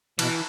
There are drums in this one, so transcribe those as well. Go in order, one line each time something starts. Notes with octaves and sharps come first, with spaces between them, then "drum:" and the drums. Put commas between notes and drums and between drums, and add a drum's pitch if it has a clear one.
B2 E3, drum: cymbal